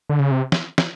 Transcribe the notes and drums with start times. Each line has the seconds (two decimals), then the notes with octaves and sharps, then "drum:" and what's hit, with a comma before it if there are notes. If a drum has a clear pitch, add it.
0.09 D3
0.19 C#3
0.31 C3
0.52 drum: snare
0.78 drum: snare